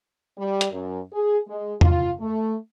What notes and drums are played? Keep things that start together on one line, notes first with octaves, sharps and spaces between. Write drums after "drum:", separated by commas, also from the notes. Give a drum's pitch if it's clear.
G3
drum: hi-hat
F#2
G#4
G#3
F4, drum: tom E2
A3